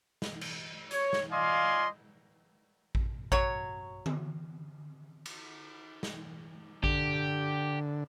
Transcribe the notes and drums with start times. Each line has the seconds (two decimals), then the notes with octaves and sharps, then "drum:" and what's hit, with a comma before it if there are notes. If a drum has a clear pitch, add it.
0.22 drum: snare
0.41 drum: cymbal
0.91 C#5, drum: hi-hat
1.13 drum: snare
1.32 F4 D5 D#5 F5 G#5 C6
2.95 drum: kick A1
3.32 F#3 C#5, drum: kick A1
4.06 drum: tom D3
5.26 drum: cymbal
6.03 drum: snare
6.84 D3 G4, drum: kick A1